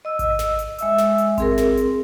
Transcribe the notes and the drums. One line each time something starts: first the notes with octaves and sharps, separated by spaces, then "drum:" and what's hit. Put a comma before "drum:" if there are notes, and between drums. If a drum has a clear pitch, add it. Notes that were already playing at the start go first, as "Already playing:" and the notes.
D#5 E6
drum: kick G#1, hi-hat
drum: snare
drum: hi-hat
G#3 E5 E6, drum: hi-hat
drum: snare
drum: hi-hat
C4 G#4 A#4, drum: kick G#1, hi-hat
drum: snare
drum: hi-hat